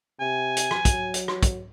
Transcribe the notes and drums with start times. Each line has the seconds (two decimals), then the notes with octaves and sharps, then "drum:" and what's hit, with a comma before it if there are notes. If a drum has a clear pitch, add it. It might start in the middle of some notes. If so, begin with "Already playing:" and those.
0.20 C3 G#5
0.57 drum: hi-hat
0.71 drum: rim click
0.85 F#3, drum: kick, hi-hat
1.14 drum: hi-hat
1.28 drum: rim click
1.43 drum: kick, hi-hat